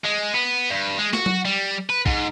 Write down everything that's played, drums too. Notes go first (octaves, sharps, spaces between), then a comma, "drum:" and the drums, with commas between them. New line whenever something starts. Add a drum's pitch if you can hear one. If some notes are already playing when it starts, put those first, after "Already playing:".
G#3
B3
G2
G#3
F#4, drum: snare
drum: tom F#3
G3
B4
G#2, drum: kick